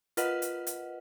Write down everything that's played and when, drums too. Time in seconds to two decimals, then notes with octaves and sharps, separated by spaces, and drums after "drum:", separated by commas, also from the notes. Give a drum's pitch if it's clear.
0.17 F4 A#4 B4 D#5 F#5, drum: hi-hat
0.42 drum: hi-hat
0.67 drum: hi-hat